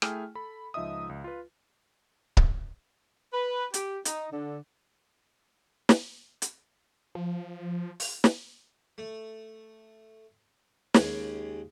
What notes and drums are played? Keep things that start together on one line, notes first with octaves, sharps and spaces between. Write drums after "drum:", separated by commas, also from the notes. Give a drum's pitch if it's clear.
A3 E4 G#4 G5 G#5 F6, drum: rim click
A4 B5
C#2 F3 D#4 D#5 E5 D#6
C#2
F4 B4
drum: kick C#1
B4
G4, drum: hi-hat
D#4, drum: hi-hat
D3
drum: snare
drum: hi-hat
F3
drum: open hi-hat
drum: snare
A3
D#2 C#3 G#3 G#5, drum: snare